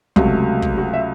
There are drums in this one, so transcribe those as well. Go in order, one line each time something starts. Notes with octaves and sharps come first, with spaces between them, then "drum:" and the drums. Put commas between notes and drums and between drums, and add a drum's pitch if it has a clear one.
C#2 C3 F#3 A3, drum: kick
drum: kick
F#4
E5